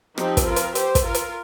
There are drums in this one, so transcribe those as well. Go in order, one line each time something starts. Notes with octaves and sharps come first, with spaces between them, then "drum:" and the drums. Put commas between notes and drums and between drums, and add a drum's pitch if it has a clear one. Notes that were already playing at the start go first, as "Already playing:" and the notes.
F3 C4 D#4 G4, drum: rim click
drum: kick, hi-hat
F4 A#4
drum: hi-hat
G4 C5, drum: hi-hat
drum: kick, hi-hat
F4 A#4
drum: hi-hat